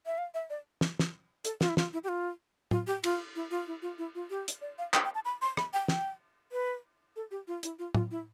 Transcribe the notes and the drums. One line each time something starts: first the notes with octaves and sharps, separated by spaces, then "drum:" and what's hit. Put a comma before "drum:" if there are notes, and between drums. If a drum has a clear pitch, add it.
E5
F5
E5
D5
drum: snare
drum: snare
A4, drum: hi-hat
F4, drum: snare
E4
F4, drum: snare
E4
G4
F4
F4, drum: tom A2
G4
F4, drum: cymbal
E4
F4
E4
F4
E4
F4
G4
drum: hi-hat
D5
F5
G5, drum: clap
G5
A5
B5
C6
B5, drum: rim click
G5
G5, drum: snare
B4
A4
G4
F4
E4, drum: hi-hat
F4
F4, drum: tom A2
E4